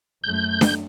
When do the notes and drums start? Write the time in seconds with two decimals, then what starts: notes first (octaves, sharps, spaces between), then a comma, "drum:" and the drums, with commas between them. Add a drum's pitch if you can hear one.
0.24 F#2 A3 G6
0.61 drum: snare D4